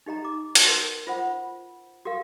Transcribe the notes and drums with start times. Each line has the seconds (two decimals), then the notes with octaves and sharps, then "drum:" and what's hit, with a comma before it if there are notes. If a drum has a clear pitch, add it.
0.06 D#4 G4 D#5 A#5
0.25 D6
0.55 drum: hi-hat
0.65 F#4 A#4 B4
1.07 F4 C5 F#5 B5
2.05 F#4 G4 A#4 F5